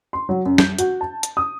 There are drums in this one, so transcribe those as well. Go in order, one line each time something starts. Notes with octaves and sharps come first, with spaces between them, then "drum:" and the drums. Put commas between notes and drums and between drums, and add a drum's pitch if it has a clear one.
C6
F#3
F#2
G6, drum: snare
F#4, drum: hi-hat
A5
drum: hi-hat
D#6